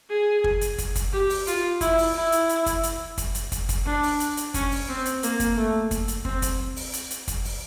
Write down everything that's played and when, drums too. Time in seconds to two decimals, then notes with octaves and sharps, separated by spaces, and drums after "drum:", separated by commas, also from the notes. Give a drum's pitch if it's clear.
0.09 G#4
0.44 drum: kick
0.61 drum: hi-hat
0.78 drum: kick, hi-hat
0.95 drum: kick, hi-hat
1.13 G4
1.30 drum: open hi-hat
1.47 F4, drum: hi-hat
1.81 E4, drum: kick, hi-hat
1.98 drum: open hi-hat
2.15 E4
2.32 drum: hi-hat
2.49 drum: hi-hat
2.66 drum: kick, hi-hat
2.83 drum: hi-hat
3.18 drum: kick, hi-hat
3.35 drum: hi-hat
3.52 drum: kick, hi-hat
3.69 drum: kick, hi-hat
3.86 D4
4.03 drum: open hi-hat
4.20 drum: hi-hat
4.37 drum: hi-hat
4.54 C#4, drum: kick, hi-hat
4.71 drum: open hi-hat
4.89 C4
5.05 drum: hi-hat
5.23 A#3, drum: hi-hat
5.40 drum: kick, hi-hat
5.56 A3
5.91 drum: kick, hi-hat
6.08 drum: hi-hat
6.25 C4, drum: kick
6.42 drum: kick, hi-hat
6.76 drum: open hi-hat
6.93 drum: hi-hat
7.10 drum: hi-hat
7.28 drum: kick, hi-hat
7.45 drum: open hi-hat